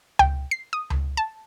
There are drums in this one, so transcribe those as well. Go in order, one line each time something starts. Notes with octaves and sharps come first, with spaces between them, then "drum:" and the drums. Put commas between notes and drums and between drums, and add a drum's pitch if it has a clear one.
G5, drum: tom C#2
C7
D#6
drum: tom C#2
A5